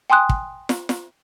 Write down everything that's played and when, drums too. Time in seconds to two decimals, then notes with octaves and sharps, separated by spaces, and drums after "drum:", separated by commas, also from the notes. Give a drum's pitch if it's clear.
0.10 G5 G#5 C6 D#6 F#6
0.29 drum: kick
0.69 drum: snare
0.89 drum: snare